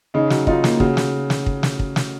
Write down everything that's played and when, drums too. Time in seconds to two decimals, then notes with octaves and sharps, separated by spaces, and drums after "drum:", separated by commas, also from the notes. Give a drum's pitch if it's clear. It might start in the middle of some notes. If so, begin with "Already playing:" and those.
0.14 C#3 D#4
0.30 F#3, drum: snare
0.47 D#4 F4, drum: kick
0.64 A#3, drum: snare
0.80 C#3 F#4, drum: kick
0.97 drum: snare
1.30 drum: snare
1.46 drum: kick
1.63 drum: snare
1.79 drum: kick
1.96 drum: snare